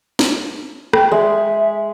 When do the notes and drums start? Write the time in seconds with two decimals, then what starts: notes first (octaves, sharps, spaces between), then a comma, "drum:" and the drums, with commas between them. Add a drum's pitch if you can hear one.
0.19 drum: snare
0.93 G5, drum: rim click
1.12 G#3 E5